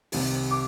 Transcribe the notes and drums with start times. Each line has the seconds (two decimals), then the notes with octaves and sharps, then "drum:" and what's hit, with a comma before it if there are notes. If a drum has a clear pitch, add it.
0.12 C2 C3 D#3 G3, drum: open hi-hat
0.51 D6